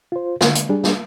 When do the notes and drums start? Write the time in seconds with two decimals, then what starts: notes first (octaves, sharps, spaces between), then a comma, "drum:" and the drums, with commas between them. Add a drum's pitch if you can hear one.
0.12 F4 C5
0.41 D3, drum: snare
0.55 drum: hi-hat
0.69 G3 D4 G#4
0.84 drum: snare